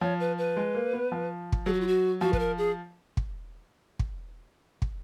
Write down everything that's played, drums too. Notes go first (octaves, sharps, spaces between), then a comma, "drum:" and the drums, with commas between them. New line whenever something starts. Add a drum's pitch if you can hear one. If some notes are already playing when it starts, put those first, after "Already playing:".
F3 C#5
B4
B4
G#3
A#3
B3
F3
drum: kick
F#3 G#4
F#4
F4
F#4
F3 F#4
B4, drum: kick
A#4
G#4
drum: kick
drum: kick
drum: kick